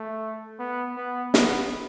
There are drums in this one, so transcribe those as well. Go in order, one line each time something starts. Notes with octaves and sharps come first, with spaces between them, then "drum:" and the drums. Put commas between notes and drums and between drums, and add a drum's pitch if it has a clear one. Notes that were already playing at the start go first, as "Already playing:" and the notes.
Already playing: A3
B3
B3
B3, drum: snare